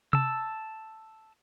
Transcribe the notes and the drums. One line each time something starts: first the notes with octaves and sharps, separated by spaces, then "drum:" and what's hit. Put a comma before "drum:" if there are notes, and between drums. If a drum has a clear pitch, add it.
A5 E6, drum: tom C3